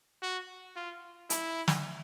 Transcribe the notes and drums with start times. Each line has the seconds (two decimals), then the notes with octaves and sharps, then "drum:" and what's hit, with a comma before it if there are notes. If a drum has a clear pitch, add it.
0.22 F#4
0.76 F4
1.30 E4, drum: hi-hat
1.68 drum: snare